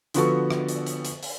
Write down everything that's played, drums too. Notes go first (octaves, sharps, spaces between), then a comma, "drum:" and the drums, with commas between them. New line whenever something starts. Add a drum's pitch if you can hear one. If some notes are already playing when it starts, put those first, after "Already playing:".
D3 F3 B3 F#4 A4 C#6, drum: hi-hat
drum: rim click
drum: hi-hat
drum: hi-hat
drum: hi-hat
drum: open hi-hat